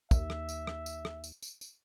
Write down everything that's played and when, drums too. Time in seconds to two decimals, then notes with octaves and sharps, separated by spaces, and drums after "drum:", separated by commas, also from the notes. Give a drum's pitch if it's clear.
0.11 D#2 E5, drum: kick, tambourine
0.30 drum: rim click
0.49 drum: tambourine
0.67 drum: rim click
0.86 drum: tambourine
1.05 drum: rim click
1.24 drum: tambourine
1.42 drum: tambourine
1.61 drum: tambourine